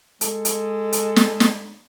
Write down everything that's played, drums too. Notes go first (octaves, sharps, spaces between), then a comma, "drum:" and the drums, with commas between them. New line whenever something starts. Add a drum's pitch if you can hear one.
G#3 A4, drum: hi-hat
drum: hi-hat
drum: hi-hat
drum: snare
drum: snare